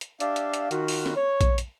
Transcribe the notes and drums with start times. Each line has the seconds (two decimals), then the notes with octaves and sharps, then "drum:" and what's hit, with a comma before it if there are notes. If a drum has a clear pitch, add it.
0.01 drum: hi-hat
0.20 D4 G4 E5 F5, drum: hi-hat
0.36 drum: hi-hat
0.54 drum: hi-hat
0.71 D#3 F4 F#4, drum: hi-hat
0.88 drum: open hi-hat
1.06 drum: snare
1.16 C#5
1.41 drum: kick A#1, hi-hat
1.58 drum: hi-hat